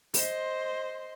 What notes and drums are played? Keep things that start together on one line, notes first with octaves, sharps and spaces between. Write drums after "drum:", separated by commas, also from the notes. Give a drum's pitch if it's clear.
C5 D#5 C6, drum: open hi-hat